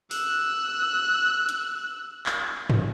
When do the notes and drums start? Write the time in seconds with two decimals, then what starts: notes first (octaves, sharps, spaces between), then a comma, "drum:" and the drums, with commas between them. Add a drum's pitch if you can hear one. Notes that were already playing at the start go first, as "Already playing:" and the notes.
0.11 E6 F#6, drum: open hi-hat
1.49 drum: hi-hat
2.26 drum: clap
2.70 drum: tom G2